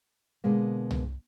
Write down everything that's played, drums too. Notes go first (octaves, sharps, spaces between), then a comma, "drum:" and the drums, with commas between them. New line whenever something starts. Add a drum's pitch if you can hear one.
B2 D3 G#3 A#3
drum: tom C2